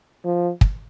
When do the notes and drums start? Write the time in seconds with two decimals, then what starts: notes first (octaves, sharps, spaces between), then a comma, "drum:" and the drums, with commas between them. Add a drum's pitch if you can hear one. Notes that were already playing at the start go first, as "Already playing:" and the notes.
0.25 F3
0.61 drum: kick